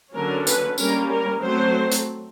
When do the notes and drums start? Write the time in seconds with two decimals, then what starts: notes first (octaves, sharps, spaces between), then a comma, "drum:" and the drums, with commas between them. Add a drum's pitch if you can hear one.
0.14 D3 F#3 A#3 C#4 A#4
0.47 B4, drum: hi-hat
0.78 G3 A#3 C#4 A#4, drum: tambourine
1.10 A#4
1.41 F#3 A3 C4 C5
1.92 drum: hi-hat